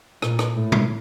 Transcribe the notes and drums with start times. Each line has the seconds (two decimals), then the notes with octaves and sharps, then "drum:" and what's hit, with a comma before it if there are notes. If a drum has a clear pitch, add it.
0.22 A#2, drum: rim click
0.39 drum: rim click
0.56 A2
0.72 drum: tom B2